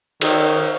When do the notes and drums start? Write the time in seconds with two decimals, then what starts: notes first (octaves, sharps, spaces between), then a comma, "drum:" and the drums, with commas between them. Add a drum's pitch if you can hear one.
0.21 D#3, drum: cymbal